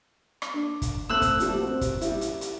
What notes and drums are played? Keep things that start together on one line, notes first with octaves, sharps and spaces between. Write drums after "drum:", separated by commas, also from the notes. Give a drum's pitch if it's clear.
drum: rim click
D4
drum: kick, hi-hat
A3 C4 E6 F#6
drum: kick, hi-hat
F3 G3 A3, drum: hi-hat
C4 F#4
drum: kick, hi-hat
G3 E4, drum: hi-hat
drum: hi-hat
drum: hi-hat